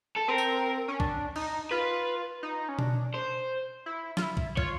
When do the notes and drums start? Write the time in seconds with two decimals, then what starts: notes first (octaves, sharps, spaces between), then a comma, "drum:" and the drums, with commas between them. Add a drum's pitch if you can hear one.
0.16 A4
0.28 C4 A#4
0.38 drum: tambourine
0.88 C#4
1.00 D4, drum: kick
1.36 D#4, drum: cymbal
1.71 F4 B4
2.43 D#4
2.69 C#4
2.79 D4, drum: tom B2
3.14 C5
3.86 E4
4.17 F4, drum: snare
4.22 E4
4.37 drum: kick
4.57 F4 C#5, drum: kick